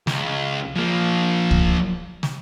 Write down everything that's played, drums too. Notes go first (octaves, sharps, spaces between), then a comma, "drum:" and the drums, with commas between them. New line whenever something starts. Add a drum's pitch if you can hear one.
C#2, drum: snare
F3 A#3
drum: kick
drum: snare